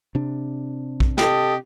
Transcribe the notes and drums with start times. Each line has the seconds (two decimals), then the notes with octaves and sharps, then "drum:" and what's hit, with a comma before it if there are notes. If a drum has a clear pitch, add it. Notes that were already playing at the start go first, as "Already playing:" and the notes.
0.15 C3 D4
1.00 drum: kick A#1
1.18 G4 A4 D#5 D#6, drum: snare